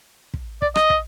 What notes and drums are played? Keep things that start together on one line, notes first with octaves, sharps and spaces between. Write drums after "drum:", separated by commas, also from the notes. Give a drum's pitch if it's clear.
drum: kick
D5, drum: kick
D#5, drum: rim click
drum: kick